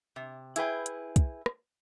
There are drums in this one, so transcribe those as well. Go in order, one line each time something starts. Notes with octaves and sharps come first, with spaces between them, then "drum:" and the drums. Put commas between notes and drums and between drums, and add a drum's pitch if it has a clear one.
C3
E4 G#4 B4 G5, drum: hi-hat
drum: hi-hat
drum: kick, hi-hat
drum: rim click